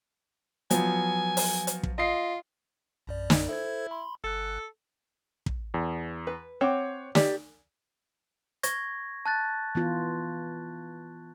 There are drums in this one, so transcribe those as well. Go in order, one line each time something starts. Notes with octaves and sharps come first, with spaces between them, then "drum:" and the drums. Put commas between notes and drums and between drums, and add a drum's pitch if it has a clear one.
F3 F#3 B3 G#5, drum: hi-hat
drum: open hi-hat
drum: hi-hat
drum: kick
F4 D#5 C7
A#1 F#2 D5
drum: snare
E4 A4 C5 G#6
B5 C6
G1 A4 F#6
drum: kick
E2
B4
C4 C#5 F#5 D6
G4 D5, drum: snare
C#6 G#6 A#6, drum: hi-hat
A5 F#6 A6
E3 B3 F4